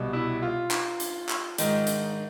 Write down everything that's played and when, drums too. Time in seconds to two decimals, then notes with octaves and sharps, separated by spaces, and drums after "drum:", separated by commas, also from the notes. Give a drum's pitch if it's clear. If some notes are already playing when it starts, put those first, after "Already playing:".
Already playing: C2 B2
0.13 E4
0.42 F4
0.71 drum: clap
1.00 drum: hi-hat
1.29 drum: clap
1.58 G#2 D#3, drum: hi-hat
1.87 drum: hi-hat